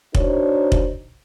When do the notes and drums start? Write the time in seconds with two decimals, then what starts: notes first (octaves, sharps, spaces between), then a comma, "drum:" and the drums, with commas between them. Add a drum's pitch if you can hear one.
0.15 D4 D#4 F#4 A#4 C5 C#5, drum: kick
0.72 drum: kick